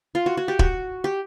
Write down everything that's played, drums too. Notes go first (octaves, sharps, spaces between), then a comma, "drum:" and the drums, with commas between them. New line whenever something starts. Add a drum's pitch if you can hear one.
F4
F#4
F#4
G4
F#4, drum: kick
G4